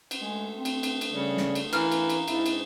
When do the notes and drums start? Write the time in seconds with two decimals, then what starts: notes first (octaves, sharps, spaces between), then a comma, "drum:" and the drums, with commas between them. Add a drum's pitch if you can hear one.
0.11 drum: cymbal
0.20 G#3 A3
0.55 C4
0.65 drum: cymbal
0.83 drum: cymbal
1.01 drum: cymbal
1.12 C#3 G3
1.37 drum: snare
1.55 drum: cymbal
1.73 E3 A#4 F5, drum: cymbal
1.91 drum: cymbal
2.10 drum: cymbal
2.28 G#2 E4, drum: cymbal
2.46 drum: cymbal